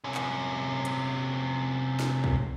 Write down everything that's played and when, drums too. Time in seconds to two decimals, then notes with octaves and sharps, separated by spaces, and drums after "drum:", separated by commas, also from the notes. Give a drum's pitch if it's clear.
0.04 C3 C#4
0.15 drum: clap
0.85 drum: hi-hat
2.00 drum: snare
2.24 drum: kick C2